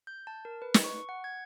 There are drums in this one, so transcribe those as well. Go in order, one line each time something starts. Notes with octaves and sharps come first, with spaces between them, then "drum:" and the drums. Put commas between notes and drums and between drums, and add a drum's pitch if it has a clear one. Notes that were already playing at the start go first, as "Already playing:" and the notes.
G6
A5
A#4
B4
drum: snare
C#6
F#5
G#6